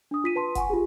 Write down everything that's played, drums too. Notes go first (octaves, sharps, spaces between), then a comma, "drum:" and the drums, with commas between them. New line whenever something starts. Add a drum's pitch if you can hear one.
D4 D#6
F4 B6 D#7
B4 A5 C6
F#5 G#5 C#6, drum: kick, hi-hat
F4 G4 G#4